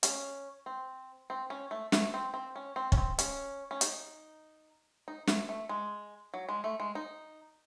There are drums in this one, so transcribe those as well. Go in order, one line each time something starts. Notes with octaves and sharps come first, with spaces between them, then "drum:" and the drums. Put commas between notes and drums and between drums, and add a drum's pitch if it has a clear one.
C#4, drum: hi-hat
C4
C4
C#4
A3
A3, drum: snare
C4
C4
C#4
C4
C#4, drum: kick
C4
C#4, drum: hi-hat
C#4
D#4, drum: hi-hat
D#4
A3, drum: snare
A3
G#3
F#3
G#3
A3
G#3
D#4